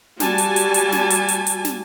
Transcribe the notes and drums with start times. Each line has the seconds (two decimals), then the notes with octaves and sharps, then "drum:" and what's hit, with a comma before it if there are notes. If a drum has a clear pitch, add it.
0.20 G3 F#4 G#5 A5, drum: snare
0.38 drum: hi-hat
0.56 drum: hi-hat
0.74 drum: hi-hat
0.92 drum: snare
1.10 drum: hi-hat
1.28 drum: hi-hat
1.47 drum: hi-hat
1.65 drum: snare